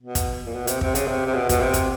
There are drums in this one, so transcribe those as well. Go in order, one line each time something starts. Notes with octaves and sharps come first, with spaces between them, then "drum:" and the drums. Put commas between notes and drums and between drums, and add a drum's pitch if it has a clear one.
B2
drum: kick, hi-hat
A#2
B2
C3, drum: hi-hat
C3, drum: kick
C#3, drum: hi-hat
C3
C3
B2
B2, drum: kick, hi-hat
C3
drum: kick, hi-hat